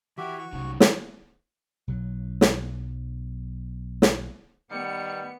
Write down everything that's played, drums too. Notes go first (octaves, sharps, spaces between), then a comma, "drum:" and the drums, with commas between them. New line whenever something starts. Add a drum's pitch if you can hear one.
E3 E4 F#4 G4 E5
F#4 C#6
C2 F#3 C#4 D#4
drum: snare
B1 F#3
drum: snare
drum: snare
D#3 G3 B3 C#7